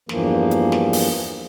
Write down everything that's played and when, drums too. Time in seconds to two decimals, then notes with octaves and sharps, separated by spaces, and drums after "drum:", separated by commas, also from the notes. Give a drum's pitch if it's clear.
0.09 E2 G2 E3 F3 A#3, drum: snare
0.51 drum: hi-hat
0.72 drum: snare
0.93 drum: open hi-hat